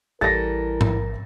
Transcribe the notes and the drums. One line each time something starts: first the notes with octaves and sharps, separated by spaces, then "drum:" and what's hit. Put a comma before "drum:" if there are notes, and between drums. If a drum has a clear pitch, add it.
A1 E3 G3 A4 A#4 A6 A#6
drum: tom G#2